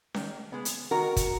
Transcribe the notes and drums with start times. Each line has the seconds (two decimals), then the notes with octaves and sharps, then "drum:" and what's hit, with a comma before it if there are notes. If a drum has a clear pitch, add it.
0.14 D#3, drum: snare C#4
0.52 G#3 B3
0.65 drum: hi-hat
0.91 D#3 F#4 A#4
1.16 drum: kick, hi-hat